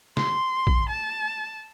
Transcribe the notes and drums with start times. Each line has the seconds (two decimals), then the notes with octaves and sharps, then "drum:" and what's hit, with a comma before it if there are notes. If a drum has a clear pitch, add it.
0.17 C6, drum: snare
0.67 drum: kick
0.90 A5